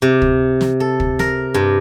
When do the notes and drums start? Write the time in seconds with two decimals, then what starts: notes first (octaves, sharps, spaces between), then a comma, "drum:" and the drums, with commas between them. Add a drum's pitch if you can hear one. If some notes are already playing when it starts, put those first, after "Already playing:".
0.02 C3
0.22 drum: kick
0.61 drum: snare
0.80 A4
1.00 drum: kick
1.19 A#4, drum: snare
1.54 G2